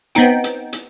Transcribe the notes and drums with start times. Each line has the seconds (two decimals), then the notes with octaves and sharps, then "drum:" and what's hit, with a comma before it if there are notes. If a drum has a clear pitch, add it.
0.15 B3 C4 D#4 G5, drum: hi-hat
0.44 drum: hi-hat
0.73 drum: hi-hat